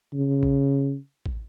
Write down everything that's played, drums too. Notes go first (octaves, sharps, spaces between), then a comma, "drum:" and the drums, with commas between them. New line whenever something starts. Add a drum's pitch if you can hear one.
C#3
drum: kick A1
drum: kick A1